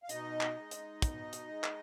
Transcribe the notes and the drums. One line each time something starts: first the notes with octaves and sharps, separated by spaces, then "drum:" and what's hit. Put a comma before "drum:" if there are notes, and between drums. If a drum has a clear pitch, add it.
F5
B2 D#4 D#5, drum: hi-hat
drum: clap
G#3
drum: hi-hat
B2, drum: kick, hi-hat
drum: hi-hat
G#3
drum: clap